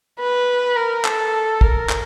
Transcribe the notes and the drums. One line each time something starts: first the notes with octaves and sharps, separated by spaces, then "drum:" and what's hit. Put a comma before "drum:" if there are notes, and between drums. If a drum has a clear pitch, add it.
B4
A#4
A4, drum: clap
A#4, drum: kick
drum: clap